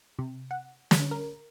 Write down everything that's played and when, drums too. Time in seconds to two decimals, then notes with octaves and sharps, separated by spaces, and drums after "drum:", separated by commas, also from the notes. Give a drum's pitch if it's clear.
0.19 C3
0.51 F#5
0.91 D3, drum: snare
1.11 A#4